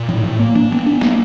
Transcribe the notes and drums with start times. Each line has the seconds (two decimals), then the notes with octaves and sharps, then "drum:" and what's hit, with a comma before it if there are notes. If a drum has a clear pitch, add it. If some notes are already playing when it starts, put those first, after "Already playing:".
Already playing: A#2
0.09 A2, drum: tom
0.24 A2
0.39 A#3
0.55 D4, drum: tom
0.71 B3
0.86 D4
1.01 A#3, drum: snare